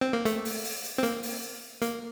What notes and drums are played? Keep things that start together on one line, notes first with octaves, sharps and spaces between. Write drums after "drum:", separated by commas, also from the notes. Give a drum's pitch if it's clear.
C4
A#3
A3, drum: hi-hat
drum: open hi-hat
drum: open hi-hat
drum: hi-hat
C4
A#3, drum: hi-hat
drum: open hi-hat
A#3, drum: hi-hat